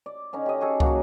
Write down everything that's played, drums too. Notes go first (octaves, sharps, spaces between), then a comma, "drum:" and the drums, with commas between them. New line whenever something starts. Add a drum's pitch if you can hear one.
D5
D3 C#4 D#4
G4 D#5
F#4 G#4 A4
F#3 A#3 F#4, drum: kick